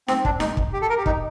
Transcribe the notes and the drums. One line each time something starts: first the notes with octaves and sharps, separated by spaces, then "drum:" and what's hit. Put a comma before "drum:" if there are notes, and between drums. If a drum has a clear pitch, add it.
C4, drum: snare D#4
D4, drum: kick
D#4, drum: snare D#4
drum: kick
G4
A4
A#4
G4
D#4, drum: kick